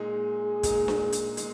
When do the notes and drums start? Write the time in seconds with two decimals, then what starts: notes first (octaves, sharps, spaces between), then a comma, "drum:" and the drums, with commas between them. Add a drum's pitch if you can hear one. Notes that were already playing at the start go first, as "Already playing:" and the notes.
Already playing: A#2 G#3 D#4 G#4
0.63 A#2 G#3 D#4, drum: kick, hi-hat
0.88 drum: snare D4
1.12 drum: hi-hat
1.37 A#2 G#3 D#4, drum: hi-hat